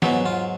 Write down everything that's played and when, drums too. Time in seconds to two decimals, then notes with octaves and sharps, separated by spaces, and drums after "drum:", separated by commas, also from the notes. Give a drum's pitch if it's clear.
0.02 G#2 F#3 B3, drum: snare
0.26 F4